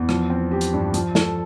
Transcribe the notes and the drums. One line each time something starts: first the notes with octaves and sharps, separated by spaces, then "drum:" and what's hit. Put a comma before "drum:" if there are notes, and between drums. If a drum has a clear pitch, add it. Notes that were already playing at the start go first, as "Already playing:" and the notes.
Already playing: E2
F3, drum: rim click
C4
G4
drum: hi-hat
G2
F3, drum: hi-hat
A4, drum: snare